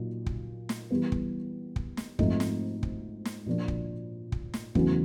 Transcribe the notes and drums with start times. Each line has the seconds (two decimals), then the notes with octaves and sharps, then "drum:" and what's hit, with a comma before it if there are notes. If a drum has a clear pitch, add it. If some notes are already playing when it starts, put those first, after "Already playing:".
Already playing: A#2 F#3 A#3 D#4
0.26 drum: kick
0.69 drum: snare
0.91 E3 G3 B3
1.12 drum: kick
1.76 drum: kick
1.97 drum: snare
2.19 G#2 F3 A3 C4 D#4, drum: kick
2.40 drum: snare
2.83 drum: kick
3.25 drum: snare
3.46 A#2 F3 A#3 D4
3.68 drum: kick
4.32 drum: kick
4.54 drum: snare
4.75 E2 C#3 F#3 A3 C#4, drum: kick